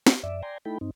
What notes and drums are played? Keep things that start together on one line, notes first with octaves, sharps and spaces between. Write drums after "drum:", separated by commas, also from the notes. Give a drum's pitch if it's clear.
drum: snare
F#2 D5 E5
D5 G5 G#5 A#5 C6
A3 D#4 E4 A4 G5 B5
G2 C4 D#4